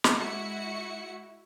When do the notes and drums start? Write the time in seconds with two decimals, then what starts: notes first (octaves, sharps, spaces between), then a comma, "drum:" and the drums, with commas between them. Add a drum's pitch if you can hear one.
0.04 drum: snare
0.15 G#3 E4 F#4 C#7